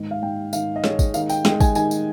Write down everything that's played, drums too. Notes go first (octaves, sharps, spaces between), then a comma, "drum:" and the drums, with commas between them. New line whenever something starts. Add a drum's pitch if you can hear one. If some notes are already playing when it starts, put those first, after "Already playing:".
Already playing: G#2 D#3
F5
G#2 G5
D#3 F5, drum: tambourine
D#5
G#3 C#5, drum: snare
drum: kick, tambourine
D#3 F5, drum: tambourine
G5, drum: tambourine
G#3 G5, drum: snare
G#5, drum: kick, tambourine
D#3 G#5, drum: tambourine
drum: tambourine